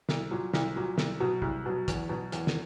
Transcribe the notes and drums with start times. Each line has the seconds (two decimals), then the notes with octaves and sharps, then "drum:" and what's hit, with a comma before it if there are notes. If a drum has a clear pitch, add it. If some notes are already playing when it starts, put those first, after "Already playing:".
0.09 C2, drum: snare
0.31 A#2 F#3
0.53 C2, drum: snare
0.76 A#2 F#3
0.98 C2, drum: snare
1.20 B2 F#3
1.42 C2, drum: kick
1.66 B2 F#3
1.88 E2, drum: kick, hi-hat
2.09 B2 F#3
2.32 E2, drum: hi-hat
2.47 drum: snare